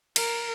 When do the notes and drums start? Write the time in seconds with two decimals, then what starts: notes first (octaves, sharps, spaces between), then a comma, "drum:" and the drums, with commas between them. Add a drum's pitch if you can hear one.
0.16 A#4, drum: cymbal